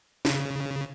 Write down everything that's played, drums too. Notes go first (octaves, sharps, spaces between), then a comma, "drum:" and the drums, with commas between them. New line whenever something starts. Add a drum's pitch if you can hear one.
C#3, drum: snare